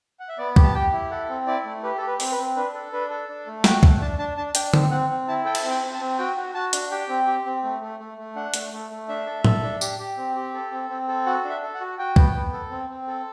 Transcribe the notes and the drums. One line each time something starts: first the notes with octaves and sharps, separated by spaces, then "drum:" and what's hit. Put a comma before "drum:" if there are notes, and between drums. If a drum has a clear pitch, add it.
F#5
E5
B3 D5
G4, drum: kick C2
A5
G4 G5
E4
A4 F#5
C4
E4 D5
A3
G4 B4
G4 A4
B4
C4, drum: open hi-hat
B4
C4
D4 B4
A4
D4 B4
A4
D4
A3
F#4 G5, drum: snare
A3, drum: kick C2
D4 A5
D4 A5
D4 A5
D4 G5, drum: hi-hat
C4, drum: tom D3
C4 F#5
C4
E4 A5
A4 G5
drum: cymbal
C4
G5
C4
A5
C4
F#4 G5
F#4
F#4 A5
D4, drum: hi-hat
G4 G5
C4
G4
C4
A3
A3
A3
A3
D4 F#5
A3, drum: hi-hat
A3
A3
D4 E5
A4
A4, drum: tom A2
D4
G4, drum: tambourine
G4
C4
G4
A4
C4
C4
A4
F#4 F#5
D4
E5
A4
F#5
F#4
F#4 G5
B3, drum: kick C2
B3
A4
C4
C4
A4